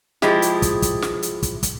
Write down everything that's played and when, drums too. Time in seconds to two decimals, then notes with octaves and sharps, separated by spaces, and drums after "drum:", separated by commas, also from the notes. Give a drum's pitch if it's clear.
0.22 F3 G#3 E4 G4, drum: snare
0.42 drum: hi-hat
0.62 drum: kick, hi-hat
0.82 drum: kick, hi-hat
1.02 drum: snare
1.22 drum: hi-hat
1.43 drum: kick, hi-hat
1.63 drum: kick, hi-hat